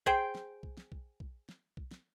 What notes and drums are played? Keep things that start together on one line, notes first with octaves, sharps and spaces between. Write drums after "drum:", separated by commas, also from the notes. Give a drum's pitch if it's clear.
G#4 C5 G5, drum: kick
drum: snare
drum: kick
drum: snare
drum: kick
drum: kick
drum: snare
drum: kick
drum: snare